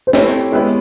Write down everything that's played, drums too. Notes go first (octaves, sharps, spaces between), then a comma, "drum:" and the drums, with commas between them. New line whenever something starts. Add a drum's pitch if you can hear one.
C5
A3 C4 E4 G4 C#5, drum: snare
G#3 B3 E4 G4 B4